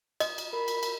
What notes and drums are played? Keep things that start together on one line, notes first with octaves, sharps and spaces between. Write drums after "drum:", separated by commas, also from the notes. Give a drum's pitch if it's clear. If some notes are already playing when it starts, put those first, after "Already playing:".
D#5, drum: cymbal
drum: cymbal
A#4 B5
drum: cymbal
drum: cymbal